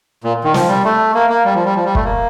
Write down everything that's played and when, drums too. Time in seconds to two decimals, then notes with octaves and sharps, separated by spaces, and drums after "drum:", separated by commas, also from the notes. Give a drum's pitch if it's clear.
0.24 A#2
0.44 D#3
0.54 F3, drum: snare
0.69 G3
0.84 A3
1.15 A#3
1.30 A#3
1.45 G3
1.55 F3
1.65 G3
1.75 F3
1.85 G3
1.95 A3, drum: kick
2.05 A#3